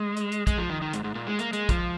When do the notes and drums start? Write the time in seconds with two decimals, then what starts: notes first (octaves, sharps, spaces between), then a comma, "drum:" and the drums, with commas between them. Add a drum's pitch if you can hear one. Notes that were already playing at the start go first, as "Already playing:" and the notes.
Already playing: G#3
0.17 drum: hi-hat
0.32 drum: hi-hat
0.47 G#3, drum: kick, hi-hat
0.58 F3
0.70 D#3
0.82 D#3
0.93 G#2, drum: hi-hat
1.04 G#2
1.15 A#2
1.27 G#3
1.39 A#3, drum: hi-hat
1.53 G#3, drum: hi-hat
1.69 F3, drum: kick, hi-hat